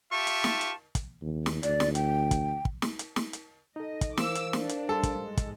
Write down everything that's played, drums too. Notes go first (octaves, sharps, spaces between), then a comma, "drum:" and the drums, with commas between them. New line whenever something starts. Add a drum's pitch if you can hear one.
F4 G4 E5 A5 C#6
drum: hi-hat
drum: snare
drum: hi-hat
drum: kick, hi-hat
D#2
drum: snare
D2 D5, drum: hi-hat
drum: snare
G5, drum: hi-hat
drum: kick, hi-hat
drum: kick
drum: snare
drum: hi-hat
drum: snare
drum: hi-hat
D#4 A4 D#5
drum: kick, hi-hat
E3 A#4 C5 F5 D6 E6, drum: snare
drum: hi-hat
D4, drum: snare
drum: hi-hat
G3 A4 C6
drum: kick, hi-hat
G#2 G#3
drum: kick, hi-hat